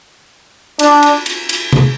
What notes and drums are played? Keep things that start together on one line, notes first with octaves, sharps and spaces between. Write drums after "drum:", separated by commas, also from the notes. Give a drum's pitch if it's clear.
D4, drum: cymbal
drum: cymbal
drum: cymbal
drum: cymbal
drum: tom C3